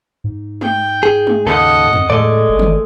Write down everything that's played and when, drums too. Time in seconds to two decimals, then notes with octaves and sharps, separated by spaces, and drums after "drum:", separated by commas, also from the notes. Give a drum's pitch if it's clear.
0.24 G#2
0.61 G5, drum: tom G#3
1.03 G#4
1.27 drum: tom G#3
1.46 D#2 C#3 A4 D#5 F#5
1.93 drum: tom E2
2.10 A2 G#3 A3 D5 D#5
2.49 G1
2.59 drum: tom D#3